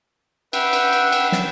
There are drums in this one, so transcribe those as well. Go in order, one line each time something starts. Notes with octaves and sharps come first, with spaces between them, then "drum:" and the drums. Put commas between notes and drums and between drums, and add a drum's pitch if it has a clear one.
B4 E5 F#5 G5, drum: cymbal
drum: cymbal
drum: cymbal
drum: cymbal
drum: snare